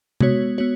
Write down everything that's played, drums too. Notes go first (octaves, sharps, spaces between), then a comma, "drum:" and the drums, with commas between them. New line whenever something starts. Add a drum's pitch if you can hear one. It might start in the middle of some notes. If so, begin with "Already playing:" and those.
G#3 B3 F#4 C#5, drum: tom C3
B3 F#4 C#5